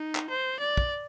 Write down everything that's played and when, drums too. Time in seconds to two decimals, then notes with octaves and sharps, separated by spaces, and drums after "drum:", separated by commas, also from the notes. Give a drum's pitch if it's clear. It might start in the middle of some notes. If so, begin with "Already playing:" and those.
Already playing: D#4
0.15 drum: clap
0.30 C5
0.60 D5
0.77 drum: kick